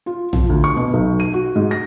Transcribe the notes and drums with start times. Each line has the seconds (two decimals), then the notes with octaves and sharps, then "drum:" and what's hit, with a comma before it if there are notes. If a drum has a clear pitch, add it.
0.06 F4
0.33 F3, drum: tom A#1
0.49 D2
0.64 C#6
0.76 B2
0.94 B1
1.20 D#7
1.34 F#4
1.56 G#2
1.71 A#6